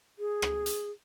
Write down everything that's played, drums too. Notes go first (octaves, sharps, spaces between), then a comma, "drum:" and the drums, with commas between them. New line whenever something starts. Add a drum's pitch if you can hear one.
G#4
drum: rim click
drum: hi-hat